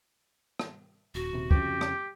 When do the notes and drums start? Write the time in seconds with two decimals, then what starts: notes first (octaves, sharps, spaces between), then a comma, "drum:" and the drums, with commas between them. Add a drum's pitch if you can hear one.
0.59 drum: rim click
1.15 D#1 F#4
1.33 D#1 C3
1.51 F2 C#3 G4, drum: kick
1.81 drum: rim click